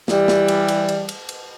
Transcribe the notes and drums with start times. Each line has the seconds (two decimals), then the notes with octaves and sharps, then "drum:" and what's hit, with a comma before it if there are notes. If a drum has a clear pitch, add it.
0.08 E3 G3, drum: snare
0.28 drum: snare
0.48 drum: cymbal
0.68 drum: cymbal
0.88 drum: cymbal
1.09 drum: cymbal
1.29 drum: cymbal